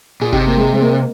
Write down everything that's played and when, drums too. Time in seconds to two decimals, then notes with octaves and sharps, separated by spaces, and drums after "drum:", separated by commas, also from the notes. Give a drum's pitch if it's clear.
0.21 A#2 G#4
0.33 C3 D#4 G4, drum: kick G1
0.47 A#3
0.58 G#3
0.73 G#3
0.82 A#3